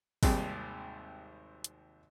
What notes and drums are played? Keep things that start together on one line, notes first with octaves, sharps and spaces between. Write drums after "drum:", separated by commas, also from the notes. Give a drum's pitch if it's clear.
G#1 D#2 C3 G3 G#4, drum: kick, open hi-hat
drum: hi-hat